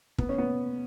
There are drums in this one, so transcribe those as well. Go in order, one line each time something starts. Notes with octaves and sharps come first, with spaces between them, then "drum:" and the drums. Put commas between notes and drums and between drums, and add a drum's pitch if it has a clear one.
B3, drum: kick
C#4
B3